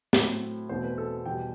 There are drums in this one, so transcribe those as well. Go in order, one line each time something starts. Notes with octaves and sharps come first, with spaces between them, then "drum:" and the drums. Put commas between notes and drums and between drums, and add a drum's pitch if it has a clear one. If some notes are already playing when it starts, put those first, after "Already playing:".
A2 F#3 C4, drum: snare
E2 B2 A3 C4 C5
B4
A4
E2 B2 G3 G5